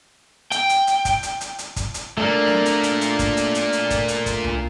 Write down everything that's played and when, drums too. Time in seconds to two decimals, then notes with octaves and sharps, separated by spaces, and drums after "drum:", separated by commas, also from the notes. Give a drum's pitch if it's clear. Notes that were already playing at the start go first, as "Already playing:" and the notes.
0.52 G5, drum: hi-hat
0.69 drum: hi-hat
0.87 drum: hi-hat
1.05 drum: kick, hi-hat
1.23 drum: hi-hat
1.41 drum: hi-hat
1.59 drum: hi-hat
1.76 drum: kick, hi-hat
1.94 drum: hi-hat
2.17 A#2 A3 A#3 D4 A#4
2.48 drum: snare
2.66 drum: hi-hat
2.83 drum: hi-hat
3.01 drum: hi-hat
3.19 drum: kick, hi-hat
3.37 drum: hi-hat
3.55 drum: hi-hat
3.73 drum: hi-hat
3.90 drum: kick, hi-hat
4.08 drum: hi-hat
4.26 drum: kick, hi-hat
4.44 drum: tom C2